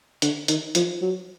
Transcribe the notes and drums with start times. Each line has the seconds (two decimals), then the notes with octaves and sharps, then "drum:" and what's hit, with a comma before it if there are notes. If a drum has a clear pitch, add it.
0.22 D3, drum: hi-hat
0.48 D#3, drum: hi-hat
0.75 F3, drum: hi-hat
1.02 F#3